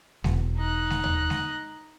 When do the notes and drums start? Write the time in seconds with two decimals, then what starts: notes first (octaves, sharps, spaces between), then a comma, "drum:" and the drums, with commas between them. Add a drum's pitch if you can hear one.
0.24 E1, drum: snare G#3
0.58 D#4 F#6
0.90 drum: snare G#3
1.04 drum: tom D#2
1.30 drum: snare G#3